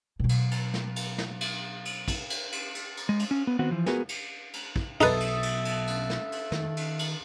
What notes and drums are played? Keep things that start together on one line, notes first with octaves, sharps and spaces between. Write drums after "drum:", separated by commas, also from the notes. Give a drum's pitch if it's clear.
B2 F#3
drum: cymbal
drum: cymbal
drum: snare
drum: cymbal
drum: snare
drum: cymbal
drum: cymbal
drum: kick, cymbal
drum: cymbal
drum: cymbal
drum: cymbal
drum: cymbal
G#3
drum: cymbal
C#4
B3
D#3 B3 C4 F#4 F#5
E3 F3
B3 F#4 G#4 A#4 B4 G#5, drum: snare
drum: cymbal
drum: cymbal
drum: kick
B2 F#3 D#4 A4 B4 E5 D#6, drum: cymbal
drum: cymbal
drum: cymbal
drum: cymbal
drum: cymbal
drum: snare
drum: cymbal
D#3, drum: snare
drum: cymbal
drum: cymbal